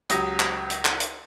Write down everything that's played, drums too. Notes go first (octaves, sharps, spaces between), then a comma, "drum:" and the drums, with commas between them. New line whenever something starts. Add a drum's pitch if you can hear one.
C#2 F#3 G4 D#6 A#6, drum: hi-hat
drum: clap
drum: hi-hat
drum: clap
drum: hi-hat